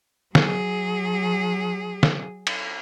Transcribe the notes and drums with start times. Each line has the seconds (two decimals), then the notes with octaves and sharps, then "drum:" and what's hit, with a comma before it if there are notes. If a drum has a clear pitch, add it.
0.35 F#3 G#4, drum: snare
2.03 drum: snare
2.47 drum: cymbal